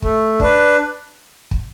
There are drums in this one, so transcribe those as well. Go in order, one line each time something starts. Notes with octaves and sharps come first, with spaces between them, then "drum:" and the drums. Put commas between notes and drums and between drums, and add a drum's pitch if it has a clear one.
A3, drum: kick
D4 B4, drum: kick
drum: kick